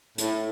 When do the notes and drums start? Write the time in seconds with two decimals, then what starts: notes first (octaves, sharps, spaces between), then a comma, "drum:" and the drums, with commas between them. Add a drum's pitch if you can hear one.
0.18 A2, drum: hi-hat